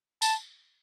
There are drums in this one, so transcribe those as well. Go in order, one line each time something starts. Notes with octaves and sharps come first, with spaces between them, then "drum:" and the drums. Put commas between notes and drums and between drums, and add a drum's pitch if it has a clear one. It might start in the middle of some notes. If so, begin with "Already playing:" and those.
A5, drum: tambourine